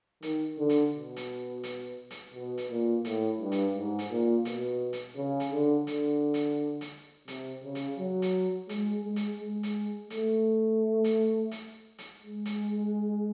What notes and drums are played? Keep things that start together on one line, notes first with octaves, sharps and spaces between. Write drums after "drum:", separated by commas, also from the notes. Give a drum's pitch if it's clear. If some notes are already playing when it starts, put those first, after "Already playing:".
D#3, drum: hi-hat
D3
drum: hi-hat
B2
drum: hi-hat
drum: hi-hat
drum: hi-hat
B2
drum: hi-hat
A#2
A2, drum: hi-hat
G2
drum: hi-hat
G#2
drum: hi-hat
A#2
B2, drum: hi-hat
drum: hi-hat
C#3
drum: hi-hat
D3
D3, drum: hi-hat
drum: hi-hat
drum: hi-hat
C3, drum: hi-hat
C#3
drum: hi-hat
F#3
drum: hi-hat
G#3, drum: hi-hat
G#3
drum: hi-hat
G#3
drum: hi-hat
A3, drum: hi-hat
drum: hi-hat
drum: hi-hat
drum: hi-hat
G#3
drum: hi-hat